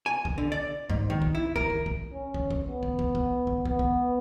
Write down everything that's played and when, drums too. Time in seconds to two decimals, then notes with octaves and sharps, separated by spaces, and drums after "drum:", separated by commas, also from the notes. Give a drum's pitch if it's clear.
0.06 G#5
0.25 drum: kick
0.38 D3
0.52 D5
0.90 G#2, drum: kick
1.10 D#3
1.22 drum: kick
1.35 E4
1.56 A#4, drum: kick
1.70 drum: kick
1.86 drum: kick
2.13 C#4
2.34 drum: kick
2.51 drum: kick
2.66 B3
2.83 drum: kick
2.99 drum: kick
3.15 drum: kick
3.47 drum: kick
3.65 B3, drum: kick
3.79 drum: kick